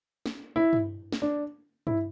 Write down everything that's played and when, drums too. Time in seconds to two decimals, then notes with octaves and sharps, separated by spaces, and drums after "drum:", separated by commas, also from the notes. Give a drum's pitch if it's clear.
0.26 drum: snare
0.56 E4
0.73 drum: tom G2
1.12 drum: snare
1.22 D4
1.87 E4, drum: tom G2